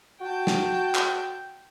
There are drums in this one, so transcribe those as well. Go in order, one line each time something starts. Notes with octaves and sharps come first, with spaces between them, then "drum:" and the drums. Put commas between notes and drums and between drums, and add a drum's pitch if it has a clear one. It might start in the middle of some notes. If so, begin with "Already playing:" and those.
F#4 G5 A5 G6
drum: snare
drum: clap